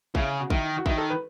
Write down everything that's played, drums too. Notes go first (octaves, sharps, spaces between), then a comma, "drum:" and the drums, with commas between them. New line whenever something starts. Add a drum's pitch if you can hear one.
C#3 E4, drum: kick
F#4
D#3 E4, drum: kick
F#4
D#3 E4, drum: kick
A4
B4